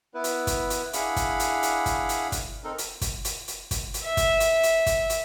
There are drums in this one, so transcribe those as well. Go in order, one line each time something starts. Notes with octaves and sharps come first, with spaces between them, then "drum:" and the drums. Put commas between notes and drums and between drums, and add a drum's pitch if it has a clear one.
B3 E4 B4
drum: hi-hat
drum: kick, hi-hat
drum: hi-hat
D4 E4 G#4 F5 F#5 B5, drum: hi-hat
drum: kick, hi-hat
drum: hi-hat
drum: hi-hat
drum: kick, hi-hat
drum: hi-hat
drum: kick, hi-hat
C4 D#4 A4 A#4
drum: hi-hat
drum: kick, hi-hat
drum: hi-hat
drum: hi-hat
drum: kick, hi-hat
drum: hi-hat
E5
drum: kick, hi-hat
drum: hi-hat
drum: hi-hat
drum: kick, hi-hat
drum: hi-hat